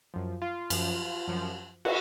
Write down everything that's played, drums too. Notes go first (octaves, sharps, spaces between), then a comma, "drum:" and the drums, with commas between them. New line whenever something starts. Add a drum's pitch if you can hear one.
F#2 F3
F4
F#2 F3, drum: cymbal
F#2 F3
F#4, drum: cymbal